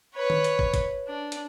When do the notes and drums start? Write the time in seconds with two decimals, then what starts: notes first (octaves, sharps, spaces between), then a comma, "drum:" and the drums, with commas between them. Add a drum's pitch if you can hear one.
0.15 B4 C#5
0.30 drum: tom D#3
0.44 drum: hi-hat
0.59 drum: kick
0.74 drum: kick, hi-hat
1.08 D4
1.32 drum: hi-hat